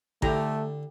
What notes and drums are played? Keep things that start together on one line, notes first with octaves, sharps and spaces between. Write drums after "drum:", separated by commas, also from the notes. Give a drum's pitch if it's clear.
D3 A3 E4 G4 A#5, drum: kick A1